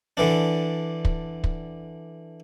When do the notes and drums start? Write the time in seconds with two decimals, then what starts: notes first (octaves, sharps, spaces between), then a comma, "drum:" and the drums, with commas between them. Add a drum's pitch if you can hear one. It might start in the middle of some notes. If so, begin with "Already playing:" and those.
0.17 D3 E3 D4
1.05 drum: kick
1.44 drum: kick